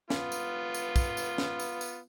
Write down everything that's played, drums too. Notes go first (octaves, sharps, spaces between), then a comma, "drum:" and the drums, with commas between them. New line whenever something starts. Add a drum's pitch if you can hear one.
B3 F4, drum: snare
drum: tambourine
drum: tambourine
drum: kick, tambourine
drum: tambourine
drum: snare
drum: tambourine
drum: tambourine